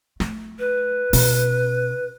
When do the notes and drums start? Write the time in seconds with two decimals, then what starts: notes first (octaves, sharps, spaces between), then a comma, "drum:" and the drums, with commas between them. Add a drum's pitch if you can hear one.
0.20 A3, drum: snare
0.59 B4
1.13 B2 C#4, drum: open hi-hat